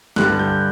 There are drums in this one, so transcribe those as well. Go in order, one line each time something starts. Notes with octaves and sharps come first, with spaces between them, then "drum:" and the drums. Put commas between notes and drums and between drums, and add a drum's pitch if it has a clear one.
G2 D3 G3 F#6, drum: snare
G6